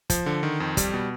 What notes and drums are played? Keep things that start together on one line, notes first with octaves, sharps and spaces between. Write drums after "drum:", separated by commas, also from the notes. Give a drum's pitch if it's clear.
F3, drum: kick, hi-hat
D3
D#3
F2
G3, drum: kick, hi-hat
B2